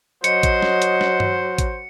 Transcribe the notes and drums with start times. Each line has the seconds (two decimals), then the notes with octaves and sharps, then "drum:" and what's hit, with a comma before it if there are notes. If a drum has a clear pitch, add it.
0.24 F#3 C5 D#5 C#7, drum: hi-hat
0.43 drum: kick, hi-hat
0.62 drum: snare
0.82 drum: hi-hat
1.01 drum: snare
1.20 drum: tom G2
1.58 drum: kick, hi-hat